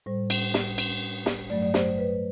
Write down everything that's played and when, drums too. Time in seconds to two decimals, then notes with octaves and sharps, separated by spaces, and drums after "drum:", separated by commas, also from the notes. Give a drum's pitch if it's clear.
0.06 A2 G3 C5
0.30 drum: cymbal
0.54 drum: snare
0.78 drum: cymbal
1.26 drum: snare
1.50 G2 F#3 A3 D5
1.62 D5
1.74 C5, drum: snare
1.98 B4